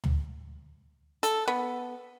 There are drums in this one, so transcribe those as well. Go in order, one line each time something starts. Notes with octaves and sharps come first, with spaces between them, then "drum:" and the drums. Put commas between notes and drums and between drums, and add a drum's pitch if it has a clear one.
drum: tom
A4, drum: hi-hat
B3